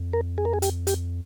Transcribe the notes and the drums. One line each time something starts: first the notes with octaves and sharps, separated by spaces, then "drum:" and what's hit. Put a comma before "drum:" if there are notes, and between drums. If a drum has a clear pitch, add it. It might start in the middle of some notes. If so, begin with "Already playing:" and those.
Already playing: F2
A#4
G#4
A#4
G#4
G4, drum: hi-hat
G4, drum: hi-hat